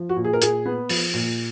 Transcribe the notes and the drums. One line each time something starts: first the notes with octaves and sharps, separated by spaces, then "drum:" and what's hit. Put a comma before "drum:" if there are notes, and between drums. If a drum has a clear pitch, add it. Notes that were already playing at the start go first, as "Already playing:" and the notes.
Already playing: F3
F#4
A#2
G#4
A#4
A#2 G#4, drum: hi-hat
B3
F3, drum: open hi-hat
A#2